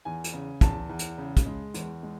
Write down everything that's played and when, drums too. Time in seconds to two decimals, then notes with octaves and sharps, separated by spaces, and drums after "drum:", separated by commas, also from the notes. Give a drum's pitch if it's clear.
0.05 E2 G#5
0.24 drum: hi-hat
0.33 C#3
0.61 E2 A5, drum: kick, hi-hat
0.90 E2
0.99 drum: hi-hat
1.18 C#3
1.37 drum: kick, hi-hat
1.46 G#3
1.74 E2, drum: hi-hat
2.03 G#3